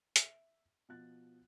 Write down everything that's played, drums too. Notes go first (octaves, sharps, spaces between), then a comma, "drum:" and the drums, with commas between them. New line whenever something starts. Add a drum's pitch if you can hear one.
E5, drum: hi-hat
B2 F3 F#6 A6